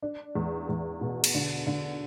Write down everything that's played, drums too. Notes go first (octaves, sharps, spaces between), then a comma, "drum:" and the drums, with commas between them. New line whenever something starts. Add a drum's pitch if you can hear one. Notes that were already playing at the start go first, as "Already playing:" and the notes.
D4
E2
E2
B2
drum: cymbal
D3
D3